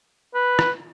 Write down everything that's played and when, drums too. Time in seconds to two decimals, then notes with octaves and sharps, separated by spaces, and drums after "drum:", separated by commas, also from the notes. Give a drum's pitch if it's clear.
0.34 B4
0.59 drum: rim click